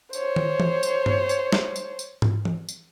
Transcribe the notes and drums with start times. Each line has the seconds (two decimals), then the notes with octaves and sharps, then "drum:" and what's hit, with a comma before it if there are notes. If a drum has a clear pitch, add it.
0.13 C5 C#5, drum: tambourine
0.36 drum: tom D#3
0.60 drum: tom E3
0.83 drum: tambourine
1.06 drum: tom G2
1.29 drum: tambourine
1.52 drum: snare
1.76 drum: tambourine
1.99 drum: tambourine
2.22 drum: tom G#2
2.45 drum: tom E3
2.69 drum: tambourine